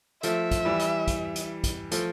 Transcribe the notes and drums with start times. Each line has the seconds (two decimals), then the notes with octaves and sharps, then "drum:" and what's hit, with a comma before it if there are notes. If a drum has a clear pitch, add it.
0.23 F3 A3 E5, drum: hi-hat
0.51 drum: kick, hi-hat
0.65 E3 G3
0.79 drum: hi-hat
1.07 drum: kick, hi-hat
1.36 drum: hi-hat
1.64 drum: kick, hi-hat
1.91 F3 A3, drum: hi-hat